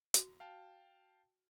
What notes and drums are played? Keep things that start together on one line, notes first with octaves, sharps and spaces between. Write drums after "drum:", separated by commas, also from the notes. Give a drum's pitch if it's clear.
F#4, drum: hi-hat
F5 G5 A5